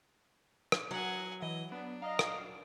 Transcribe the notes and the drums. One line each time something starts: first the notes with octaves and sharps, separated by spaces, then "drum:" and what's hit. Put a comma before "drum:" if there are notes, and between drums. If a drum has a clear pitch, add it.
drum: rim click
F#3 F#5 G#5
E3 D#5
B3 D4
D#5 F5 A#5
drum: rim click